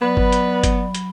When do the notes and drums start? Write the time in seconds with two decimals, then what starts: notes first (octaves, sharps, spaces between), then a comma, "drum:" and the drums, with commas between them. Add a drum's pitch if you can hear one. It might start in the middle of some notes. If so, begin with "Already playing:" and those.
0.01 F#3 B3 B4 D5 B5
0.17 drum: kick G1
0.32 drum: hi-hat
0.64 drum: kick G1, hi-hat
0.95 drum: hi-hat